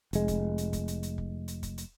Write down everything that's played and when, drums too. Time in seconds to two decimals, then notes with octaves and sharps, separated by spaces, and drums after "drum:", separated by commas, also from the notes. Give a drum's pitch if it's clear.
0.13 F1 G#3, drum: hi-hat
0.28 drum: kick, hi-hat
0.58 drum: hi-hat
0.73 drum: kick, hi-hat
0.88 drum: hi-hat
1.03 drum: hi-hat
1.18 drum: kick
1.48 drum: hi-hat
1.63 drum: kick, hi-hat
1.78 drum: hi-hat